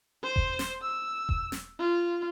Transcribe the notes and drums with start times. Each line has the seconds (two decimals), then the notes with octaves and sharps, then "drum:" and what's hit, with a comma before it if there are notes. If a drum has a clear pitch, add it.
0.23 C5
0.36 drum: kick E1
0.59 drum: snare
0.82 E6
1.29 drum: kick E1
1.52 drum: snare
1.79 F4